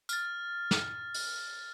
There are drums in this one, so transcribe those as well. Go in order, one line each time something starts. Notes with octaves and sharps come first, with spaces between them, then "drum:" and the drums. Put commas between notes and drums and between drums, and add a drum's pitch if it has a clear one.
F6 A6, drum: tambourine
drum: snare
drum: open hi-hat